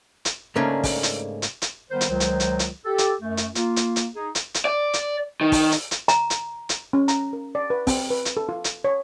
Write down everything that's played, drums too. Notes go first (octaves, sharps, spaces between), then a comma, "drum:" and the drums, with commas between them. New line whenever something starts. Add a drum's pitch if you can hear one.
drum: hi-hat
G#2 C#3 A3 A#3 C#4 D4
drum: kick, open hi-hat
drum: hi-hat
drum: hi-hat
drum: hi-hat
D#3 G3 B3 A#4 C5
drum: hi-hat
C#2 D#3 F#3 C5
drum: hi-hat
drum: hi-hat
drum: hi-hat
G4 A4
drum: hi-hat
F#2 A3
drum: hi-hat
A#3 F4, drum: hi-hat
drum: hi-hat
drum: hi-hat
D#4 G#4
drum: hi-hat
drum: hi-hat
D5
drum: hi-hat
D#3
drum: kick, open hi-hat
drum: hi-hat
drum: hi-hat
A#5, drum: hi-hat
drum: hi-hat
drum: hi-hat
C#4
A#5, drum: hi-hat
A#4
D5
B4
C4, drum: kick, open hi-hat
B4
drum: hi-hat
A4
F4
drum: hi-hat
C#5